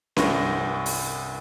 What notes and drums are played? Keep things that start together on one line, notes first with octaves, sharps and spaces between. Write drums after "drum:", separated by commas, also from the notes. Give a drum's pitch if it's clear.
C2 G2 C#6 A#6, drum: snare C#4
drum: open hi-hat